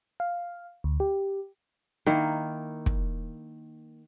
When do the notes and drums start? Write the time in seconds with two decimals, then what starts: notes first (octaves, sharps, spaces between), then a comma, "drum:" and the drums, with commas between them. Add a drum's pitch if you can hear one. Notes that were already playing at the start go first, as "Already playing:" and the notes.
0.20 F5
0.84 D2
1.00 G4
2.06 D#3 A#3 E4
2.86 drum: kick